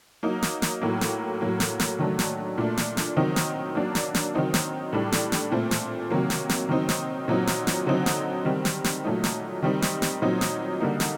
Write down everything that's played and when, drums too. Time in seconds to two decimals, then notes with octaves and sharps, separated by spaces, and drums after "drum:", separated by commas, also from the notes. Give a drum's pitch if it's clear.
0.23 F#3 A#3 D#4
0.42 drum: snare
0.62 drum: snare
0.81 A2 F#3 A#3
1.01 drum: snare
1.41 A2 F#3 A#3
1.60 drum: snare
1.80 drum: snare
1.99 D#3 F#3 A3 D4
2.19 drum: snare
2.58 A#2 A3 D4
2.77 drum: snare
2.97 drum: snare
3.17 D#3 F#3 C4 D#4
3.36 drum: snare
3.75 F#3 A#3 D4
3.95 drum: snare
4.15 drum: snare
4.35 D#3 F#3 C4 D#4
4.54 drum: snare
4.92 A2 G3 D4
5.12 drum: snare
5.32 drum: snare
5.52 A#2 A3 C4
5.71 drum: snare
6.10 C3 D#3 F#3 A#3
6.30 drum: snare
6.49 drum: snare
6.69 D#3 F#3 C4 D#4
6.89 drum: snare
7.28 A#2 F#3 C4 D#4
7.47 drum: snare
7.67 drum: snare
7.86 D3 F#3 C4 D#4
8.06 drum: snare
8.45 D#3 G3 C4
8.65 drum: snare
8.84 drum: snare
9.04 A#2 F#3 A3 D#4
9.24 drum: snare
9.62 D#3 G3 C4 D#4
9.82 drum: snare
10.02 drum: snare
10.22 A#2 F#3 C4 D#4
10.41 drum: snare
10.80 D3 G3 A#3 D#4
11.00 drum: snare